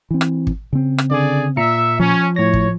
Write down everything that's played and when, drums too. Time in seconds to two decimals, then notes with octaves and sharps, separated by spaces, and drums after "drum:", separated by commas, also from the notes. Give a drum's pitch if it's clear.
0.11 E3 C4
0.21 drum: rim click
0.47 drum: kick
0.73 C#3 C4
0.98 drum: rim click
1.11 D3 G#4 D5
1.57 A#2 E5 A#5 C#7
2.00 F3 C#4
2.36 A2 C#5 A#6
2.54 drum: kick